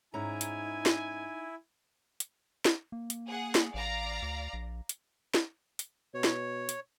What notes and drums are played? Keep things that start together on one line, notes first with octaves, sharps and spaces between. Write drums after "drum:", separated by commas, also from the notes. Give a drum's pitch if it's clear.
G#2 C#4 D#4 E4 G#5 A#5
drum: hi-hat
drum: snare
drum: hi-hat
drum: snare
A#3
drum: hi-hat
G#4 F#5
drum: snare
A1 D5 F5 A#5
D2
A#1
drum: hi-hat
drum: snare
drum: hi-hat
B2 C#5
drum: snare
drum: hi-hat